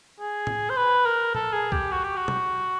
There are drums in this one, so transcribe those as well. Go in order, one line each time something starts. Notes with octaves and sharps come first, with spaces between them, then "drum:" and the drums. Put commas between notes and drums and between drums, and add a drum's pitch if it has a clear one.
G#4
drum: tom A2
C5
B4
A#4
A4, drum: tom A#2
G#4
G4, drum: kick
F#4
G4
F#4
drum: tom B2